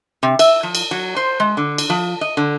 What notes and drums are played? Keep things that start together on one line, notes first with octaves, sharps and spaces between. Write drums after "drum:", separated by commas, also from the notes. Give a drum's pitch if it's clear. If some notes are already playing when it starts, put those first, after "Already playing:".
C3
E5, drum: cymbal
F3
drum: cymbal
F#3
C5
G#3
D3
drum: cymbal
F3
D#5
D3